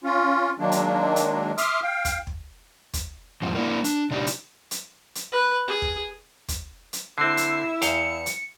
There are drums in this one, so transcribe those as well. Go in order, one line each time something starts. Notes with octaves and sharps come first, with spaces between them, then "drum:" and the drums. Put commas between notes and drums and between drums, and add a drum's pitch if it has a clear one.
C#4 F4
D#3 F#3 G#3 A#3 D4
drum: hi-hat
drum: hi-hat
E5 C6 D6 D#6 F6, drum: hi-hat
F5 G5
drum: kick, hi-hat
drum: kick
drum: kick, hi-hat
E2 G#2 F3
A#3 C4 D4 E4 A#4
D4, drum: hi-hat
C3 D4 D#4 G4
drum: hi-hat
drum: hi-hat
drum: hi-hat
B4
G#4
drum: kick
drum: kick, hi-hat
drum: hi-hat
D3 C4 E4 E6 C7
drum: hi-hat
E2 F5 G5 C#7, drum: hi-hat
drum: hi-hat